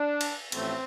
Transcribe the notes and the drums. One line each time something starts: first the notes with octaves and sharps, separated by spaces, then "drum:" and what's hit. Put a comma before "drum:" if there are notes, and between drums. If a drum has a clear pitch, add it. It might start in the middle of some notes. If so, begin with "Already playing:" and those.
Already playing: D4
drum: cymbal
A1 A2 F3 A3 C4, drum: cymbal